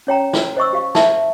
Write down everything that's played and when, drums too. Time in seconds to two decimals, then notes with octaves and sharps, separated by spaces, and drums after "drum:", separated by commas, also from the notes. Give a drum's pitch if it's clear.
0.07 C#4 C#5 G5 A#5
0.33 drum: snare
0.57 C5 D#5 C#6 E6
0.73 G4 F5 C#6
0.95 E5 A5, drum: snare